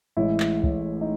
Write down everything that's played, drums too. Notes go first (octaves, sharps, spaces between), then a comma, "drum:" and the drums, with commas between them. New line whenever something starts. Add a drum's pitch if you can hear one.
A1 A2 E3 G#3 E4
drum: clap
drum: kick
D#4